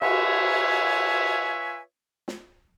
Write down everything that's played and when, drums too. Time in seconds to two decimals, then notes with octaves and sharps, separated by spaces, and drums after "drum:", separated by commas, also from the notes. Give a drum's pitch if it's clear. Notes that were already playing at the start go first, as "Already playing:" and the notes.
0.02 F4 B4 C#5 E5 G#5, drum: cymbal
2.28 drum: snare